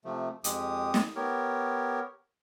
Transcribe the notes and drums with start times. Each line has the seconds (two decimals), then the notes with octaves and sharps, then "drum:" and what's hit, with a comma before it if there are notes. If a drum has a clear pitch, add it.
0.05 C3 F3 A3
0.44 F2 G#3 G4 D#6, drum: hi-hat
0.94 drum: snare
1.16 B3 G4 A#4 C#5